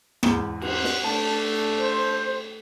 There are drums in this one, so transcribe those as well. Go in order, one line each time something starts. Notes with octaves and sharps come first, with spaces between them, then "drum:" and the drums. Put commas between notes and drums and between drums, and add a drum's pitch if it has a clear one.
E2 G#2, drum: rim click
C5 F#5, drum: cymbal
drum: snare
A3 D4 A5
C5